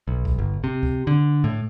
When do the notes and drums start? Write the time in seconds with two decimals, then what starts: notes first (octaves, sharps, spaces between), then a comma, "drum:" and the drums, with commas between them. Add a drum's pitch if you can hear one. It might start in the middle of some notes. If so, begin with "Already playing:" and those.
0.08 B1
0.25 drum: kick C#2
0.38 G1
0.64 C3
0.83 drum: kick C#2
1.07 D3
1.44 A2